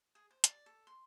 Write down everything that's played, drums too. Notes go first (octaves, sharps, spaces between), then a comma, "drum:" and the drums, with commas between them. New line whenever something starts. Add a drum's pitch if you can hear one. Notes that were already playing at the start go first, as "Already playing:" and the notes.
G#4
C5
D5, drum: hi-hat
A4
C6